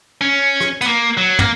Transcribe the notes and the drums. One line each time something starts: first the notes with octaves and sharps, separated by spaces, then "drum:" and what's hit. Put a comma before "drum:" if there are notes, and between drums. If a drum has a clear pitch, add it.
C#4
drum: rim click
B3, drum: cymbal
A#3
F#3
A#3, drum: tom